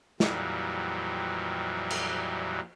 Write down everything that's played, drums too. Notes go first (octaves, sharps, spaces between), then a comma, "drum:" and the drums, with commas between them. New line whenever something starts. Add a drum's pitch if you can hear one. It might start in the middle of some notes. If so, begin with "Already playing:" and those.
F2 A#2 E3 F#3 G3, drum: snare
drum: cymbal